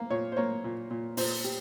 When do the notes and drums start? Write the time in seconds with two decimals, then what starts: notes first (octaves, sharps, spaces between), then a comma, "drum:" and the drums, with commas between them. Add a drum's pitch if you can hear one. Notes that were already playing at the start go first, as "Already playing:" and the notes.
Already playing: A#3 F5
0.10 A#2 C#5
0.32 C5
0.36 A#3 C#5
0.64 A#2
0.91 A#2
1.17 A#2 C5, drum: open hi-hat
1.44 G3